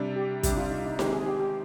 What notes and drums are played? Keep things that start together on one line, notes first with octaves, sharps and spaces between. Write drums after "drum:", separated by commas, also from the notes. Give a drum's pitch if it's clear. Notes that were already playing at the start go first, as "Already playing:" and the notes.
Already playing: C3 G3 D4
G4
C3 G3 D4 G4, drum: kick, hi-hat
F4
D#4
D#4
D#3 G#3 C4 G4, drum: snare D#4
G#4
G4
G4